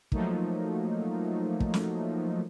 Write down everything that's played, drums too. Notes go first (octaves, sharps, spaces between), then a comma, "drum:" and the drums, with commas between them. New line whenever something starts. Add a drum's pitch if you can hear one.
F3 F#3 A3 A#3 D#4, drum: kick
drum: kick
drum: snare